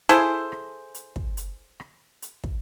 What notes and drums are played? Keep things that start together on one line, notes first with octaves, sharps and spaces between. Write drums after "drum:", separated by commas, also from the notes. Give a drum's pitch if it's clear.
E4 G#4 A4 C5, drum: hi-hat
drum: rim click
drum: hi-hat
drum: kick
drum: hi-hat
drum: rim click
drum: hi-hat
drum: kick